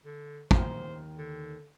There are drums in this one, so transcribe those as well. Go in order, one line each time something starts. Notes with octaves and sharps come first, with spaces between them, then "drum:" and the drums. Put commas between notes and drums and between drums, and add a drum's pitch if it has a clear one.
D3
D#2 D#3 C5, drum: kick
D3